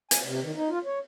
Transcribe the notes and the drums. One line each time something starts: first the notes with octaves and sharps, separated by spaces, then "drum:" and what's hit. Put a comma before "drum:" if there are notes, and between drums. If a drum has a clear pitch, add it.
G#5, drum: hi-hat
C3
D#3
D#4
F4
C#5